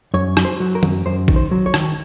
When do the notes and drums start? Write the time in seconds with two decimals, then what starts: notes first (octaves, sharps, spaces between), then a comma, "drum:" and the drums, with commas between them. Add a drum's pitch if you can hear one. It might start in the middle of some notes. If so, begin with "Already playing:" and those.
0.14 F#2 C#5
0.37 F#3, drum: rim click
0.45 C5
0.60 F#3
0.75 A#4
0.83 F#2, drum: tom D#3
1.06 F#2 C5
1.28 D#3, drum: kick A1
1.36 C5
1.51 F#3
1.66 C#5
1.74 D#3, drum: rim click